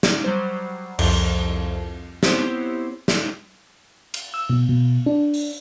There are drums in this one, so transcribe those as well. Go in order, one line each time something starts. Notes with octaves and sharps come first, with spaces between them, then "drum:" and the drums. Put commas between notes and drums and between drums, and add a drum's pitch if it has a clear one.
drum: snare
F#3 G3 C5
C2 F2 F3, drum: cymbal
B3 C4 E4 G4 C5 C#5, drum: snare
drum: snare
drum: cymbal
E6
B2
B2
D4
drum: open hi-hat